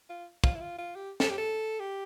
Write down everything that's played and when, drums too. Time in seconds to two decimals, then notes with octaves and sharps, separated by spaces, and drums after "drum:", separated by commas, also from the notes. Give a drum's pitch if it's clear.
0.10 F4
0.44 F4, drum: kick
0.55 E4
0.61 F4
0.79 F4
0.96 G4
1.20 A4, drum: snare
1.30 G4
1.38 A4
1.80 G4